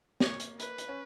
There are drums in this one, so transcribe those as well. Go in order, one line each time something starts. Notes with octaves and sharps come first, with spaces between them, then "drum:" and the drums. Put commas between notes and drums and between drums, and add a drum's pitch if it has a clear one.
A#3 C#5, drum: snare
drum: hi-hat
B4, drum: hi-hat
drum: hi-hat
C#4